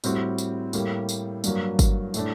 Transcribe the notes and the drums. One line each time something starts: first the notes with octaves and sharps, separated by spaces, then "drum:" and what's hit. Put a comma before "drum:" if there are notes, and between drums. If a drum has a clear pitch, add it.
A2 G3 C4 F#4, drum: tambourine
drum: tambourine
A2 G3 A#3, drum: tambourine
drum: tambourine
G2 F#3 A#3, drum: tambourine
drum: kick G1, tambourine
A2 A3 D4, drum: tambourine